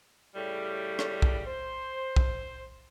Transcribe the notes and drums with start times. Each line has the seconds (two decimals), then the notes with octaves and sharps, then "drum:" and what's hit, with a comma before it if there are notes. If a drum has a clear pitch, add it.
0.35 A2 C#3 G3
0.99 drum: rim click
1.22 drum: kick
1.46 C5
2.16 drum: kick